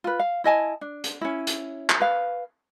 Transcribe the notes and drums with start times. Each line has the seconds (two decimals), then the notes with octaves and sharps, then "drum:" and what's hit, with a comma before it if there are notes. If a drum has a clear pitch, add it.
0.04 F4 B4
0.20 F5
0.44 E4 D#5 G#5 A5
0.81 D4
1.04 drum: hi-hat
1.21 C#4 E4
1.47 drum: hi-hat
1.90 drum: clap
2.00 B4 F5